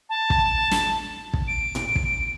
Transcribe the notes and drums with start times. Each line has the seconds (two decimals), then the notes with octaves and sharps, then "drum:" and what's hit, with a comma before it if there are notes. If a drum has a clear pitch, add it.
0.09 A5
0.30 drum: kick
0.71 drum: snare
1.34 drum: kick
1.48 D7
1.75 drum: tom A2
1.96 drum: kick